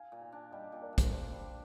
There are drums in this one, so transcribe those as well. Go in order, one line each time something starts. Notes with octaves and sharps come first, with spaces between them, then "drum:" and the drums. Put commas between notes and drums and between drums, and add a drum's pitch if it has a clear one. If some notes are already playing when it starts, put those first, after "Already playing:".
Already playing: F5 G#5
A#2
F5 G#5
D4
G3 D#5 G5
A#2
A#4 D5
A#2
C5, drum: kick, hi-hat
A#4
D4 C5
G3